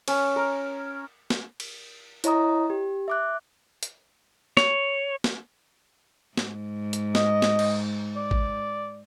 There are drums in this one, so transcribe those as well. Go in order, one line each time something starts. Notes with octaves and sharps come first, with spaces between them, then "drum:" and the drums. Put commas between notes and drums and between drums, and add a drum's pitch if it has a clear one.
C#4, drum: cymbal
A#4
drum: snare
drum: cymbal
E4 C#5 D#5 A#5 D#6, drum: hi-hat
G4
E5 D6 F#6
drum: hi-hat
C#5, drum: snare
drum: snare
G#2, drum: snare
drum: hi-hat
D#5, drum: snare
drum: snare
drum: cymbal
D5
drum: kick